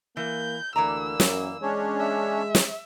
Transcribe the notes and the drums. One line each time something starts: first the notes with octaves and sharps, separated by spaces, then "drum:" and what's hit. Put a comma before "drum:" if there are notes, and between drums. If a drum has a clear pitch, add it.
E3 A#3 G6
D2 E3 A#3 D5 A#5 E6
F#2, drum: snare
G#3 C#4 D4 C#5
E5
drum: snare